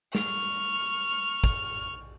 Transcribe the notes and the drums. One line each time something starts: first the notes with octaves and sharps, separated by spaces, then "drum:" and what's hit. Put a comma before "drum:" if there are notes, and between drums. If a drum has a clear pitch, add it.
C#6 F6, drum: snare
drum: kick